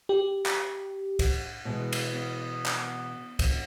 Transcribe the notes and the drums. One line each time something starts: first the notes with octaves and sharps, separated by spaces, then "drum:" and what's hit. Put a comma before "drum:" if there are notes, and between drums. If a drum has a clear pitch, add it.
G4
drum: clap
drum: kick, cymbal
B2 E3 G#3
drum: cymbal
B3
drum: clap
drum: kick, cymbal